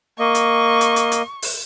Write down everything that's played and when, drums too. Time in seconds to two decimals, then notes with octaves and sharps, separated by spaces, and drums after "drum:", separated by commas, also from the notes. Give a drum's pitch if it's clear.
0.19 A#3 D#5 C#6
0.35 drum: hi-hat
0.81 drum: hi-hat
0.96 drum: hi-hat
1.12 drum: hi-hat
1.42 drum: open hi-hat